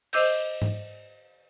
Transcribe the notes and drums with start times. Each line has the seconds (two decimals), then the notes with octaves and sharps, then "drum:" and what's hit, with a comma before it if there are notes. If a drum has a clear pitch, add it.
0.13 C5 D#5 D6 E6 G6, drum: cymbal
0.62 drum: tom G#2